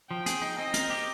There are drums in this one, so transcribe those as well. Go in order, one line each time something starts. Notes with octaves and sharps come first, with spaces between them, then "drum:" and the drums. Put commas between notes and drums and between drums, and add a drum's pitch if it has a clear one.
F3 G5
G#4, drum: hi-hat
D#4
C4 D#5
A#4, drum: hi-hat
G4